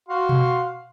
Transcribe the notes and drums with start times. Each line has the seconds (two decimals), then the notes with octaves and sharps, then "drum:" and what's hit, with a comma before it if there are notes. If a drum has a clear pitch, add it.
0.09 F#4 F5 C6
0.29 drum: tom B2